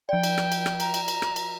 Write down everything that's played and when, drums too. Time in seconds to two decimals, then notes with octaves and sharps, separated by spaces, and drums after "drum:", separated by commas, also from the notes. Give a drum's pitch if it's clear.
0.09 F3 D5 G5
0.24 drum: cymbal
0.38 drum: rim click
0.52 drum: cymbal
0.66 drum: rim click
0.80 A#5, drum: cymbal
0.94 drum: cymbal
1.08 drum: cymbal
1.22 drum: rim click
1.36 drum: cymbal